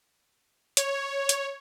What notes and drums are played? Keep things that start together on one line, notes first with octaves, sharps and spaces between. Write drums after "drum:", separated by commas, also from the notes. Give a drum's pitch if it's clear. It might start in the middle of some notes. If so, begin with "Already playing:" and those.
C#5, drum: hi-hat
drum: hi-hat